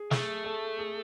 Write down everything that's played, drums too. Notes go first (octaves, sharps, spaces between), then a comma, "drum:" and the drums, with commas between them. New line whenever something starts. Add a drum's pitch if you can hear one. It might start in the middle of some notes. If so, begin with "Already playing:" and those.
Already playing: G#4
A3 G#4, drum: snare
A4
G#4